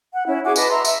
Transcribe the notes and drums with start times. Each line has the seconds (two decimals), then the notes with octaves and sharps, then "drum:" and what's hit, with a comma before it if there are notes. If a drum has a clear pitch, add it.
0.13 F#5
0.27 C#4 E4
0.45 F#4 G#4 G#5 D6
0.56 B4 D#5 A5 D6, drum: tambourine
0.69 E5 A#5 C6
0.85 E5, drum: tambourine